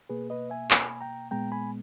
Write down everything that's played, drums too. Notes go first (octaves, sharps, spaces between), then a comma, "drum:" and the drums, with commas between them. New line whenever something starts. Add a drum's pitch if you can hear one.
B2 A#3 G#4 B4
B4 D#5
E5 G#5
G#5 B5, drum: clap
G5 A#5
A#2 G#3 B3 G5 A#5
G#5 B5